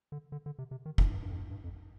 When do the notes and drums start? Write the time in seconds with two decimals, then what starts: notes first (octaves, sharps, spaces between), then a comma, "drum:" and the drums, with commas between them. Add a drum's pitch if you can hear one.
0.12 D3
0.32 D3
0.46 D3
0.59 C3
0.71 C3
0.86 D#3
0.98 D3, drum: kick
1.11 G2
1.22 G2
1.31 F2
1.51 G2
1.64 F2